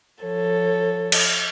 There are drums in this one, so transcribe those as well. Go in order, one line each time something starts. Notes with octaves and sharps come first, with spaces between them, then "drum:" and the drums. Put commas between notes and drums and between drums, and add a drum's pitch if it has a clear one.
F3 A4 C#5
drum: cymbal